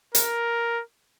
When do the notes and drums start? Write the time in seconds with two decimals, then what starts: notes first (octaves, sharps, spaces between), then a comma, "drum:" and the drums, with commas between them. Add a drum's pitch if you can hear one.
0.15 A#4, drum: hi-hat